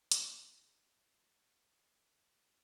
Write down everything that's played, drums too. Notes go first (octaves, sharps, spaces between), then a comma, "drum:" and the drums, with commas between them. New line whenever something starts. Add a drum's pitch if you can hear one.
G3 F#4 G#4 G#5, drum: hi-hat